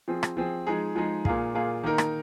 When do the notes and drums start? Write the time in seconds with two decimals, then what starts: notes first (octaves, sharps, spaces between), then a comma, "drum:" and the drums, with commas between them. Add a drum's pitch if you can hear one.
0.08 F3 C4 G#4
0.23 drum: rim click
0.37 F3 C4 G#4
0.67 F3 G#3 D#4 G#4
0.96 F3 G#3 D#4 G#4
1.25 A#2 A#3 F4 G#4, drum: kick
1.54 A#2 A#3 F4 G#4
1.84 D#3 A#3 D#4 A#4
1.98 drum: rim click